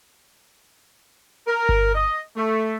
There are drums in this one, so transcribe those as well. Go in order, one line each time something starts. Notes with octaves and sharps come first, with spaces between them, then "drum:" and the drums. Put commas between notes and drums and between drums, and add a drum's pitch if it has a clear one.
A#4
drum: kick G1
D#5
A3